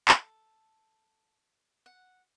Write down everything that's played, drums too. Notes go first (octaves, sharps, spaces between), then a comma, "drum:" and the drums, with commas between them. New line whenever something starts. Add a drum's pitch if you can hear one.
A4, drum: clap
F#5